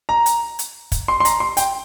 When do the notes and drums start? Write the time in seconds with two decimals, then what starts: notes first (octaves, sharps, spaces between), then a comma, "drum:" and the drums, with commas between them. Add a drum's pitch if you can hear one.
0.09 A#5
0.26 drum: hi-hat
0.59 drum: hi-hat
0.92 drum: kick, hi-hat
1.08 C6
1.20 C6
1.25 A#5, drum: hi-hat
1.40 C6
1.57 G5, drum: hi-hat